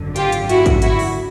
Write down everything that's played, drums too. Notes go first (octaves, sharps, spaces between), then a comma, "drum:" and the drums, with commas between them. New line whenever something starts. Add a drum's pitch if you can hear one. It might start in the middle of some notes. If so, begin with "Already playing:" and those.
Already playing: G#1 F#2 D3
F4 G4, drum: hi-hat
drum: hi-hat
E4 F#4, drum: hi-hat
drum: kick, hi-hat
E4 F#4, drum: hi-hat
drum: open hi-hat